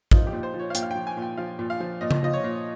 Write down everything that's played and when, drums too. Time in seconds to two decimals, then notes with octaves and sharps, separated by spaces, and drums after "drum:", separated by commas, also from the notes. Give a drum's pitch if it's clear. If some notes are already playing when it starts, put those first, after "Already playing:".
0.11 F3 D#4, drum: kick A1
0.27 G4
0.33 A#2
0.43 C5
0.54 F3
0.59 C#5
0.70 F5
0.75 A#2 G5, drum: hi-hat
0.83 F5
0.91 F3 G5
1.07 G#5
1.17 A#2
1.22 G5
1.37 F3 F5
1.59 A#2
1.70 F5
1.80 F3
2.01 A#2 D#5
2.11 drum: tom C#3
2.23 F3 D#5
2.33 C#5
2.44 A#2